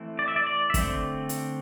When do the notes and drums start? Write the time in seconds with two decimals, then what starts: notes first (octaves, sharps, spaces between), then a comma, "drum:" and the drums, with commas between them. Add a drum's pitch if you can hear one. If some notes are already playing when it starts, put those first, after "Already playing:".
Already playing: E3 A3 C4
0.19 D5
0.28 E5
0.36 D5
0.47 D5
0.70 E5
0.74 D3 A3 C4 D5, drum: kick, hi-hat
1.29 drum: hi-hat